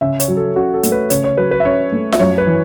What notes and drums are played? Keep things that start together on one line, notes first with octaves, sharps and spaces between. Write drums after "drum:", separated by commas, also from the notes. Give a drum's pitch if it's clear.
C#3 E5
C#5, drum: hi-hat
F#3
A4
C#4 F#4
A4
A3, drum: hi-hat
B4
C#3 C#5, drum: hi-hat
C#5
F#3 B4
B4
E5
C#4 C#5
A3
E5, drum: snare F4
F#2 C#5
B4
E3